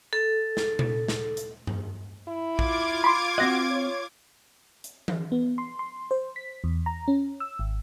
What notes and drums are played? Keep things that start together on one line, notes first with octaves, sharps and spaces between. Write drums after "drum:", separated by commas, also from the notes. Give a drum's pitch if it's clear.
A4
drum: snare
drum: tom A#2
drum: snare
drum: hi-hat
drum: tom G2
E4
F4 D6 G#6, drum: kick A#1
B5 C6
C4 F#4 D#5 F#6 A#6
C#5
drum: hi-hat
drum: tom E3
B3
C6
C6
C5
B6
E2
A#5
C#4
E6
G#1